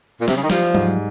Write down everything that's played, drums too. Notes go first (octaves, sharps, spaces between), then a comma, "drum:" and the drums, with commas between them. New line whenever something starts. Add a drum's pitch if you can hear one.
A#2
C3, drum: snare
C#3
D#3
F3 G3, drum: snare
G#2, drum: tom F#3